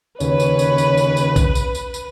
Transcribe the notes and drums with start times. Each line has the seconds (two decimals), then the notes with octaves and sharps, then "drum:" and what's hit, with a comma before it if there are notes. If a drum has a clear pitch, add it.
0.20 D#2 C#3 B4 C#5, drum: tambourine
0.40 drum: tambourine
0.59 drum: tambourine
0.78 drum: tambourine
0.98 drum: tambourine
1.17 drum: tambourine
1.36 drum: kick B1, tambourine
1.55 drum: tambourine
1.75 drum: tambourine
1.94 drum: tambourine